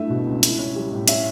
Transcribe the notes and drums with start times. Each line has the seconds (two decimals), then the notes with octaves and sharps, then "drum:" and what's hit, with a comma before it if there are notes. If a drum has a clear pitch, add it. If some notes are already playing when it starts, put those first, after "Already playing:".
Already playing: G2 A3 E4 E5
0.10 B2
0.27 C#2
0.43 E4, drum: hi-hat
0.59 C#4
0.76 G3
0.92 A2
1.08 C#4 E5, drum: hi-hat